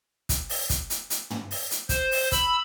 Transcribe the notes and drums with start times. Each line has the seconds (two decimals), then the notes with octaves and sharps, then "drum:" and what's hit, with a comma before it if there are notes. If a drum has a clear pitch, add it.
0.29 drum: kick, hi-hat
0.49 drum: open hi-hat
0.70 drum: kick, hi-hat
0.90 drum: hi-hat
1.10 drum: hi-hat
1.30 drum: tom
1.51 drum: open hi-hat
1.71 drum: hi-hat
1.89 C5, drum: kick, hi-hat
2.11 drum: open hi-hat
2.32 B5 E6, drum: kick, hi-hat